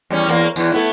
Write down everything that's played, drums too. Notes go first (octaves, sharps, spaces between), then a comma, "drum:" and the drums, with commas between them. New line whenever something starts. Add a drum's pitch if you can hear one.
E2 G3 C#4
E2 A#3, drum: hi-hat
E2 E3, drum: tambourine
A3 B3 E4